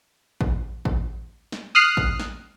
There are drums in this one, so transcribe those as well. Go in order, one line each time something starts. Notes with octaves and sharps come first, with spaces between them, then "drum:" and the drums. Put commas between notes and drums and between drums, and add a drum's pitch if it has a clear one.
drum: kick A1
drum: kick A1
drum: snare
D#6 F6 F#6 C7
drum: kick A1
drum: snare